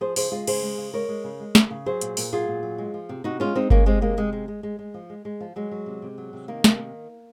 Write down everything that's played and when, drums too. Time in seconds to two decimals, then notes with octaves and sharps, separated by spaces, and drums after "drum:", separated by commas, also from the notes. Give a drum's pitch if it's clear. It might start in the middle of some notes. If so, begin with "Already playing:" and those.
0.01 F3 G#4 C5
0.16 C#3 G#4 C5, drum: open hi-hat
0.31 G#3 F4 G#4
0.47 C#3 G#4 C5, drum: cymbal
0.62 G#3
0.78 C#3
0.93 G#3 A#4 C#5
1.09 G#3
1.24 C#3
1.40 G#3
1.55 C#3, drum: snare
1.71 C#3
1.86 F#3 G#4 C5
2.01 A#2, drum: hi-hat
2.17 A#2, drum: open hi-hat
2.32 F#3 F4 G#4
2.48 A#2
2.63 F#3
2.78 G#3
2.94 F3
3.09 C3
3.24 C3 D#4 F#4
3.40 G#3 C#4 F4
3.55 G#3 C4 D#4
3.70 G#3 A#3 C#4, drum: kick G1
3.86 C3 G#3 C4
4.01 G#3 A#3
4.17 C3 G#3
4.33 G#3
4.48 G#3
4.63 G#3
4.79 G#3
4.94 F3
5.10 G#3
5.25 G#3
5.41 F3
5.56 F#3 G#3
5.71 F#3
5.86 C3
6.02 C3
6.18 F#3
6.33 C3
6.48 D#3 A#3
6.64 C3, drum: snare
6.79 D#3